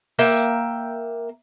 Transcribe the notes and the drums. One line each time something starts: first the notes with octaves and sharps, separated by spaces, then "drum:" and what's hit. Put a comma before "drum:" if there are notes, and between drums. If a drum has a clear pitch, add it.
A#3 E5 G5, drum: open hi-hat